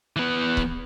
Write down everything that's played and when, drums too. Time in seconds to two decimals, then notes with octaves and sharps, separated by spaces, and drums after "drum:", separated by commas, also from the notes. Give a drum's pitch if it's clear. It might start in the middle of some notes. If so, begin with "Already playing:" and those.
0.16 E3 B3
0.57 drum: kick C#1